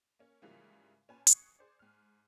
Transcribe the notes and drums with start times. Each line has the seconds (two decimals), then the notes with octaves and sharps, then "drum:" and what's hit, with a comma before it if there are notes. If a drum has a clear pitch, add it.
0.19 A#3 C#4
0.42 G#2 C#3 E3 F3 G3 A#3
1.08 A#2 C#4 B4 G#5 A5
1.27 C#6 D#6 F#6 G#6 C7 C#7, drum: hi-hat
1.59 G#4 C5 D5
1.79 G#2 F6